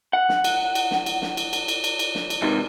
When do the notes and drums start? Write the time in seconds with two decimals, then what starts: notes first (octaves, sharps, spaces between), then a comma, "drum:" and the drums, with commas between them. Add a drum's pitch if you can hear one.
0.13 F#5
0.29 drum: snare
0.44 drum: cymbal
0.75 drum: cymbal
0.91 drum: snare
1.06 drum: cymbal
1.22 drum: snare
1.37 drum: cymbal
1.53 drum: cymbal
1.68 drum: cymbal
1.84 drum: cymbal
1.99 drum: cymbal
2.15 drum: snare
2.30 drum: cymbal
2.42 G#2 C3 D#3 E3